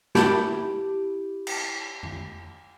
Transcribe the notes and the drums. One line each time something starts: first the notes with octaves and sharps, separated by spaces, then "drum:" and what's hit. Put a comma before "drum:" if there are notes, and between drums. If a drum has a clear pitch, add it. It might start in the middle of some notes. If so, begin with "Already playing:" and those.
E4 G4 A5 B5, drum: snare
drum: cymbal
drum: tom F2